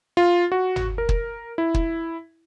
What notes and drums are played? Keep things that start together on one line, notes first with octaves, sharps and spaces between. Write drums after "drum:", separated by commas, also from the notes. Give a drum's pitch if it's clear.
F4
F#4
drum: tom
A#4
drum: kick
E4
drum: kick